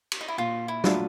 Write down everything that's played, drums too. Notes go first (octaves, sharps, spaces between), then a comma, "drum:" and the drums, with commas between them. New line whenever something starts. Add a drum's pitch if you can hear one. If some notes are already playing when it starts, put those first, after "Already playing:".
drum: cymbal
D#4
E4
A#2 F4
E4
F#3 A3 D4 F4, drum: snare